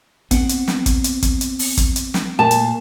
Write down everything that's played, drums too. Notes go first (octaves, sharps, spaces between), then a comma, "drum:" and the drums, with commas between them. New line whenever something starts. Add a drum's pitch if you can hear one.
B3 C4 F#5, drum: kick, hi-hat
drum: hi-hat
drum: snare
drum: kick, hi-hat
drum: hi-hat
drum: kick, hi-hat
drum: hi-hat
drum: open hi-hat
drum: kick, hi-hat
drum: hi-hat
drum: snare
A#2 A3 A#3 A5
drum: hi-hat